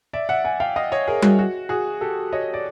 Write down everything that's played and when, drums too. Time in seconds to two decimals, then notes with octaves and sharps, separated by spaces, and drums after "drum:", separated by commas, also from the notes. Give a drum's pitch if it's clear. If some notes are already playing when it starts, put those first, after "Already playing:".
0.13 D5 E5
0.29 E5 F#5
0.44 F#5 G#5
0.60 F5 G5
0.76 D#5 F5
0.92 C#5 D#5
1.07 G#4 A#4
1.22 F#4 G#4, drum: tom G3
1.39 F#4
1.69 F#4 G#4
2.01 G4 A4
2.32 C#5 D#5
2.54 D5